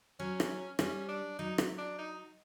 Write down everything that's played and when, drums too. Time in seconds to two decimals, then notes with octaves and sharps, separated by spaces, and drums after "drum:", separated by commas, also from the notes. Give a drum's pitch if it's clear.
0.19 F#3 C#4
0.40 drum: rim click
0.79 G3 C#4, drum: rim click
1.08 D4
1.39 F#3 D#4
1.58 drum: rim click
1.78 D4
1.98 D#4